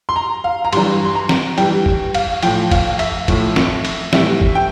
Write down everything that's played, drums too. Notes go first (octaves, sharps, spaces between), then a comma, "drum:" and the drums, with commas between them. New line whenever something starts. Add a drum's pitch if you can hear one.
C6
A#5
F5
A#5
G2 E3 G3 C6, drum: cymbal
C6
A#5
drum: snare
G2 E3 G3 G5, drum: cymbal
drum: kick
F5, drum: cymbal
A2 F3 G5, drum: cymbal
F5, drum: kick, cymbal
E5, drum: cymbal
A2 F3, drum: kick, cymbal
drum: snare
drum: cymbal
A2 E3 G3 E5, drum: snare
drum: kick
G5